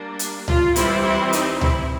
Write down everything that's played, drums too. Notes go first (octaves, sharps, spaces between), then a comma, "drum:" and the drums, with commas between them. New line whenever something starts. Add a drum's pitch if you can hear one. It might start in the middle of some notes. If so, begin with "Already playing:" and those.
Already playing: G3 A#3 D4
drum: hi-hat
F4, drum: tom C#2
E3 G3 C4 E4, drum: hi-hat
E4
D#4, drum: hi-hat
E4, drum: tom C#2